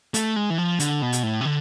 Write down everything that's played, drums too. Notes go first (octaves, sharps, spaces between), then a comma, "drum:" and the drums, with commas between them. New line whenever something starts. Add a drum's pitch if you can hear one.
A3, drum: hi-hat
G#3
E3
F3
D3, drum: hi-hat
B2
drum: hi-hat
A2
C3
D3